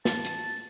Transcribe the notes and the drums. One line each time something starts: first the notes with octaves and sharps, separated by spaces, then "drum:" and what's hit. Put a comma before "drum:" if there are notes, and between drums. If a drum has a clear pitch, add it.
A5, drum: snare
drum: hi-hat